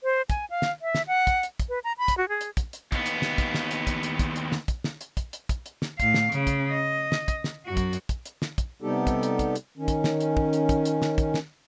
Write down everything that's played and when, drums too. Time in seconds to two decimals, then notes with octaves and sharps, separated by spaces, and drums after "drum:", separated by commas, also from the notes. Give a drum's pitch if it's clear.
0.04 C5
0.30 G#5, drum: kick, hi-hat
0.50 F5
0.62 drum: snare
0.82 E5
0.95 drum: snare
1.07 F#5
1.27 drum: kick, hi-hat
1.43 drum: hi-hat
1.60 drum: kick, hi-hat
1.69 B4
1.84 A#5
1.98 B5
2.08 drum: kick, hi-hat
2.18 F#4
2.29 G#4
2.41 drum: hi-hat
2.57 drum: kick, hi-hat
2.73 drum: hi-hat
2.92 D#2 B3, drum: kick, hi-hat
3.06 drum: hi-hat
3.22 drum: snare
3.38 drum: kick, hi-hat
3.54 drum: snare
3.71 drum: hi-hat
3.87 drum: kick, hi-hat
4.03 drum: hi-hat
4.19 drum: kick, hi-hat
4.36 drum: hi-hat
4.52 drum: snare
4.68 drum: kick, hi-hat
4.84 drum: snare
5.01 drum: hi-hat
5.17 drum: kick, hi-hat
5.33 drum: hi-hat
5.49 drum: kick, hi-hat
5.66 drum: hi-hat
5.82 drum: snare
6.00 A2 F5, drum: kick, hi-hat
6.14 drum: snare
6.32 C#3, drum: hi-hat
6.47 drum: kick, hi-hat
6.71 D#5
7.12 drum: snare
7.28 drum: kick, hi-hat
7.44 drum: snare
7.66 F#2 F#4
7.77 drum: kick, hi-hat
7.93 drum: hi-hat
8.09 drum: kick, hi-hat
8.26 drum: hi-hat
8.42 drum: snare
8.58 drum: kick, hi-hat
8.82 C3 G3 B3 D#4 G4 A4
9.07 drum: kick, hi-hat
9.23 drum: hi-hat
9.39 drum: kick, hi-hat
9.55 drum: hi-hat
9.77 D#3 C#4
9.88 drum: kick, hi-hat
10.04 drum: snare
10.20 drum: hi-hat
10.37 drum: kick
10.53 drum: hi-hat
10.69 drum: kick, hi-hat
10.85 drum: hi-hat
11.02 drum: snare
11.18 drum: kick, hi-hat
11.34 drum: snare